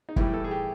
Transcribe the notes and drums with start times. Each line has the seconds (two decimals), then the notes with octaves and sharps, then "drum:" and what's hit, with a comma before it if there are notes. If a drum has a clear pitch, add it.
0.09 D#4
0.16 A2 E3 G3 E4, drum: kick
0.34 A4
0.44 G#4
0.51 G4